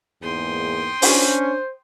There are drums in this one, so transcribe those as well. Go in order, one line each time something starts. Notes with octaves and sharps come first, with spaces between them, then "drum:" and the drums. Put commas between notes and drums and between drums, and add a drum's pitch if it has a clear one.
E2 G#2 A#3 G5 C6 D#6
C#4 D4 C5, drum: open hi-hat